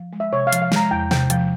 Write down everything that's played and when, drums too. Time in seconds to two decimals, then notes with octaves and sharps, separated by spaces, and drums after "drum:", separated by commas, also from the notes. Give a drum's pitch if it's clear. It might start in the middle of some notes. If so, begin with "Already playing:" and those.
Already playing: F3
0.13 G#3
0.20 E5
0.33 C3 C#5
0.47 F5
0.53 F3, drum: hi-hat
0.62 F5
0.72 G#3 A#5, drum: snare
0.91 E2 G5
1.11 C3 G5, drum: snare
1.30 F3 G5, drum: hi-hat